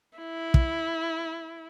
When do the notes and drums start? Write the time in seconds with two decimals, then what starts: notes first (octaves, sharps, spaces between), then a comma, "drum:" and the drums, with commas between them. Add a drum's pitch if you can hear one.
0.18 E4
0.54 drum: kick